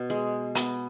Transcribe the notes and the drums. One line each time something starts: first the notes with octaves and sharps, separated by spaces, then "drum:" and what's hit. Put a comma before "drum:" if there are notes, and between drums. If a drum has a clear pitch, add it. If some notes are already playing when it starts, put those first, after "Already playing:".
Already playing: B2
G#3
B3, drum: hi-hat